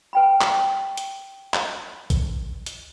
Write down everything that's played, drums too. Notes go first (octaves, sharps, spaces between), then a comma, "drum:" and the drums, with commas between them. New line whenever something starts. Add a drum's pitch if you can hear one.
B4 G5 B5
drum: clap
drum: hi-hat
drum: clap
drum: kick A1, hi-hat
drum: hi-hat